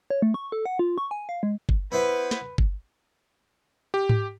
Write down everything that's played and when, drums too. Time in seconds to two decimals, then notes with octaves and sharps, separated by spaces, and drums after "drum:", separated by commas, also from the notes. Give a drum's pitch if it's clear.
0.10 C#5
0.22 A3
0.34 C#6
0.52 A4
0.66 F#5
0.79 F4
0.98 C#6
1.11 G#5
1.29 F5
1.43 G#3
1.69 drum: kick
1.92 B3 E4 B4 C5
2.31 drum: snare
2.58 drum: kick
3.94 G4
4.09 drum: tom G#2